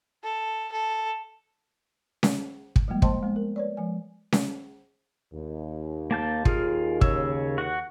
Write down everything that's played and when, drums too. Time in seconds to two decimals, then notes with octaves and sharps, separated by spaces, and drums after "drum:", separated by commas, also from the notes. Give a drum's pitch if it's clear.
0.24 A4
0.72 A4
2.23 drum: snare C#4
2.76 drum: kick
2.88 F3 G3 G#3 A#3
3.02 C5 D#5 G5 A5 C6, drum: kick
3.23 G#3 B3
3.36 A#4
3.56 B4 C#5 D5
3.77 F3 G#3 G#5
4.32 drum: snare C#4
5.34 D#2
6.11 A#3 A5 G6
6.45 F4 G#4 A#4, drum: kick
7.01 C#3 C#5 E6, drum: kick
7.58 F#4 F#5